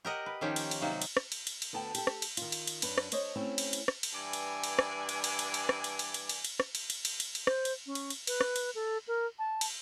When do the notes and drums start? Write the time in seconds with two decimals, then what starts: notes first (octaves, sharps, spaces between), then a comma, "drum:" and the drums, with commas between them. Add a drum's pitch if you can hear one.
0.05 G4 A#4 D#5 F#5
0.26 B4
0.41 D#3 F3 A#3 C#4 D#4 G4
0.56 drum: cymbal
0.71 drum: cymbal
0.81 C3 F#3 A#3 D#4
1.02 drum: cymbal
1.17 drum: rim click
1.32 drum: cymbal
1.47 drum: cymbal
1.62 drum: cymbal
1.73 D2 B3 A4 G5 A5
1.95 G4 A4, drum: cymbal
2.07 drum: rim click
2.22 drum: cymbal
2.37 D#3 F4, drum: cymbal
2.52 drum: cymbal
2.67 drum: cymbal
2.82 F#2 D4 B4, drum: cymbal
2.98 drum: rim click
3.12 A4 C5 C#5 D#5, drum: cymbal
3.36 A3 C4 C#4 E4
3.58 drum: cymbal
3.73 drum: cymbal
3.88 drum: rim click
4.03 drum: cymbal
4.13 G2 E3 D5 G#5
4.33 drum: cymbal
4.64 drum: cymbal
4.79 drum: rim click
5.09 drum: cymbal
5.24 drum: cymbal
5.39 drum: cymbal
5.54 drum: cymbal
5.69 drum: rim click
5.84 drum: cymbal
5.99 drum: cymbal
6.14 drum: cymbal
6.29 drum: cymbal
6.45 drum: cymbal
6.60 drum: rim click
6.75 drum: cymbal
6.90 drum: cymbal
7.05 drum: cymbal
7.20 drum: cymbal
7.35 drum: cymbal
7.47 C5, drum: rim click
7.65 drum: cymbal
7.86 C#4
7.95 drum: cymbal
8.10 drum: cymbal
8.27 B4, drum: cymbal
8.41 drum: rim click
8.56 drum: cymbal
8.75 A4
9.08 A#4
9.39 A5
9.61 drum: cymbal